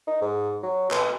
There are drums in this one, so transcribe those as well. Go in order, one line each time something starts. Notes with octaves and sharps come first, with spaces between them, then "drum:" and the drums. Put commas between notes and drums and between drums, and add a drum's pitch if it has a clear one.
D#4
G#2
F#3
B2, drum: clap